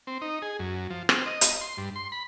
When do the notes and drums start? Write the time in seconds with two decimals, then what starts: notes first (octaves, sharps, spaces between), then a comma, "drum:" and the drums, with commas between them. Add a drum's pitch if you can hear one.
0.07 C4
0.21 D#4
0.42 G#4
0.59 F#2
0.90 F3
1.09 C4, drum: rim click
1.26 D#5
1.41 drum: hi-hat
1.61 C6
1.77 G2
1.96 C6
2.12 B5